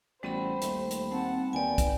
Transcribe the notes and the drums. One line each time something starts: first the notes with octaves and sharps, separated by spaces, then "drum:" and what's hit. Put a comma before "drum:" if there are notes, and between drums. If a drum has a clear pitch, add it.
A1 G3 B3 F#4 C5 D5 B5
D#2 A3, drum: hi-hat
drum: hi-hat
C4 F#5 A5
D#2 B4 D5 G5 G#5
drum: kick, hi-hat